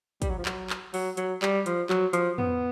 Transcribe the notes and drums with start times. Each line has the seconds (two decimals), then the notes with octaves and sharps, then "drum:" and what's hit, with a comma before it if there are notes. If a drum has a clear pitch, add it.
0.22 G3, drum: kick, hi-hat
0.30 F#3
0.39 F3
0.45 F#3, drum: clap
0.70 drum: clap
0.94 F#3, drum: open hi-hat
1.17 F#3, drum: hi-hat
1.42 G3, drum: clap
1.66 F3, drum: hi-hat
1.90 F#3, drum: clap
2.13 F3, drum: hi-hat
2.38 B3, drum: tom